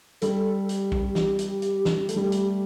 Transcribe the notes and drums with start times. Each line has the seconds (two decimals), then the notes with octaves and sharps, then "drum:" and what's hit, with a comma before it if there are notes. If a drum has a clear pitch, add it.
0.22 G3 A4, drum: hi-hat
0.69 G4, drum: hi-hat
0.92 drum: kick A#1
1.15 drum: snare
1.39 drum: hi-hat
1.62 drum: hi-hat
1.85 drum: snare
2.09 A3, drum: hi-hat
2.16 G3
2.23 A3
2.32 drum: hi-hat